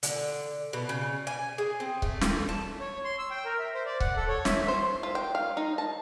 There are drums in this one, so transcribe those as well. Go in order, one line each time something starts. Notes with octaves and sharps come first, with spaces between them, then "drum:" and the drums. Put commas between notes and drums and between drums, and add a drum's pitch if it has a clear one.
D3, drum: hi-hat
B2
C#3
G#5
G#4
C4
A3, drum: kick C#1
drum: snare
A5
C#5
C6
E6
G5
A#4
E5
C5
D5
F#5, drum: kick C#1
A4
C#5
E5, drum: snare
C5
F4
G5
F5
D#4
A5